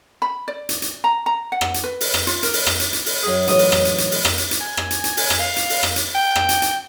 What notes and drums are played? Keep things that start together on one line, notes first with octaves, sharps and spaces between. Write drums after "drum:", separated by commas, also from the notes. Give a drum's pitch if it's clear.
B5
D5
drum: hi-hat
drum: hi-hat
A#5
A#5
F#5
drum: rim click
drum: hi-hat
B4
drum: open hi-hat
drum: rim click
F4, drum: hi-hat
A#4, drum: hi-hat
drum: open hi-hat
drum: rim click
drum: hi-hat
drum: hi-hat
drum: open hi-hat
F#2 G#4
A1 G#2 F#3 D#6, drum: hi-hat
drum: open hi-hat
drum: rim click
drum: hi-hat
drum: hi-hat
drum: open hi-hat
drum: rim click
drum: hi-hat
drum: hi-hat
G#5
drum: rim click
drum: hi-hat
drum: hi-hat
drum: open hi-hat
drum: rim click
F5
drum: hi-hat
drum: open hi-hat
drum: rim click
drum: hi-hat
G5
drum: rim click
drum: hi-hat
drum: hi-hat